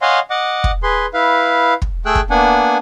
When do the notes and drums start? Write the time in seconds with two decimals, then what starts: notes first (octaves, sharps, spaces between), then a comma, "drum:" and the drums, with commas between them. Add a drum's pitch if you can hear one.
0.02 C#5 D#5 F5 F#5 G#5 C6
0.30 D#5 F#5 D6
0.64 drum: kick
0.83 G#4 B4 C6
1.14 E4 B4 F5
1.82 drum: kick
2.06 A3 G#4 G5 E6 F#6
2.15 drum: kick
2.30 A#3 B3 D4 F#5 G#5